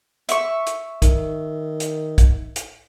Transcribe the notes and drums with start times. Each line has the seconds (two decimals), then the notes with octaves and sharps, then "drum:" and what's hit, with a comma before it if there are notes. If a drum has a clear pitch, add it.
0.29 E5 C#6, drum: hi-hat
0.66 drum: hi-hat
1.02 D#3, drum: kick, hi-hat
1.80 drum: hi-hat
2.18 drum: kick, hi-hat
2.56 drum: hi-hat